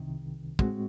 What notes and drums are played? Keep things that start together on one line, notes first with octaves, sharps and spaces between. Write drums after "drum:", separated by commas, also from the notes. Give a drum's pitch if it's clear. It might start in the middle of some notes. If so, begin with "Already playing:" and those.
Already playing: C2 C3 D#3
A2 G#3 C4 F#4, drum: kick